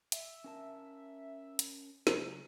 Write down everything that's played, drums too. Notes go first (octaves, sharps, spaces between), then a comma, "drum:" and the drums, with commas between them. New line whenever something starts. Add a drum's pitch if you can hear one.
E5, drum: hi-hat
C#4 A#4 A5
drum: hi-hat
C#3 F#3 G#4, drum: snare